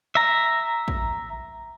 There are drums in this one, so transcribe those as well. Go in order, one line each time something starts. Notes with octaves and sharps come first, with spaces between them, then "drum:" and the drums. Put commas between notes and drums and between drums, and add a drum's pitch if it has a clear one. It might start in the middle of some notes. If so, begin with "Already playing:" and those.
E5 A#5
drum: kick